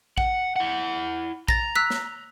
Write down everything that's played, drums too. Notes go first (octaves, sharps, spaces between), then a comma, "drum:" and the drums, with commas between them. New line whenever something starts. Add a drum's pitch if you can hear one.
F#5, drum: kick
E4 F#5
A#5 A6 A#6, drum: kick
E6 F#6 B6
drum: snare